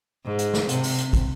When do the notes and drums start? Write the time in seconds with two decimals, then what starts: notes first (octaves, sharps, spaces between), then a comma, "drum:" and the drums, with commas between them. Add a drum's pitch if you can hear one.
0.24 G#2
0.39 drum: hi-hat
0.54 drum: snare
0.69 C3, drum: hi-hat
0.83 drum: open hi-hat
0.98 drum: hi-hat
1.13 drum: kick, hi-hat